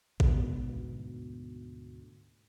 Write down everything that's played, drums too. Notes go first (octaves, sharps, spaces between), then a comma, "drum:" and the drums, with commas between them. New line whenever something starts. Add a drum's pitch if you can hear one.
D2 G#2 B2 B3, drum: kick A1